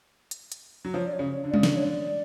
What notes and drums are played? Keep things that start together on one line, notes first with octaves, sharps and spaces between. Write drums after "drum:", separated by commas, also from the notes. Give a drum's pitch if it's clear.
drum: hi-hat
drum: hi-hat
F#3
F3 C#5
D5
C#5
C#3
C#5
D3
D5
C#3, drum: tom G3
D3, drum: snare
D5
C#5
D5